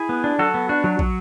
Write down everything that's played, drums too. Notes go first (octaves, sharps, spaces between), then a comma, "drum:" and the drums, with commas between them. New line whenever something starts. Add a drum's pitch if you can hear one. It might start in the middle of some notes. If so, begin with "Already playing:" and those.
Already playing: E4 G#4
B3
D4
F#3 F#4 A4
B3
D4 F#4
F#3
F#3, drum: kick